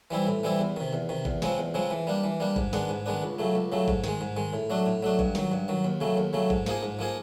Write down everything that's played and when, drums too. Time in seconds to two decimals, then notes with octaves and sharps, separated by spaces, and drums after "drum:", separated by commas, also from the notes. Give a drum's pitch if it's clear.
0.11 E3 G3 C4 E4
0.27 A2
0.43 E3 G3 C4 E4
0.59 E2
0.76 C3 D#3
0.93 E2
1.09 C3 D#3
1.25 E2, drum: kick
1.42 C#3 F3 G#3 C4, drum: snare
1.58 E2
1.74 C#3 F3 G#3 C4
1.91 E3
2.07 G3 A#3 D4
2.24 E3
2.40 G3 A#3 D4
2.56 G#2, drum: kick
2.73 D#3 G#3 B3 D4, drum: snare
2.89 G#2
3.06 D#3 G#3 B3 D4
3.22 C#2
3.38 C#3 F#3 A3
3.55 C#2
3.72 C#3 F#3 A3
3.88 G#2, drum: kick
4.04 D#3 G#3, drum: snare
4.21 G#2
4.36 D#3 G#3
4.53 A2
4.70 F#3 A3 D4
4.86 A2
5.03 F#3 A3 D4
5.19 G2, drum: kick
5.35 D#3 F#3, drum: snare
5.52 G2
5.68 D#3 F#3
5.85 D#2
6.01 C#3 F#3 A3
6.17 D#2
6.33 C#3 F#3 A3
6.50 G#2, drum: kick
6.66 F3 A#3 D#4 G#4, drum: snare
6.83 G#2
6.99 F3 A#3 D#4 G#4